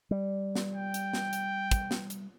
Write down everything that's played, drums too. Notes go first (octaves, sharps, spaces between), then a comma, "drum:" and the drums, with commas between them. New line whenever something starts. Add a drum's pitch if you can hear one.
G3
drum: snare
G5
drum: hi-hat
drum: snare
drum: hi-hat
drum: kick, hi-hat
drum: snare
drum: hi-hat